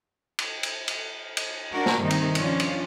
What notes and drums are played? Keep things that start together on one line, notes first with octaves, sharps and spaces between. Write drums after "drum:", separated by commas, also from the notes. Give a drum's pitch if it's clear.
drum: cymbal
drum: cymbal
drum: cymbal
drum: cymbal
D4 F#4 A#4
drum: snare
G2 C3 D#3 D#4
drum: cymbal
F3 C#4 D4 F4, drum: cymbal
drum: cymbal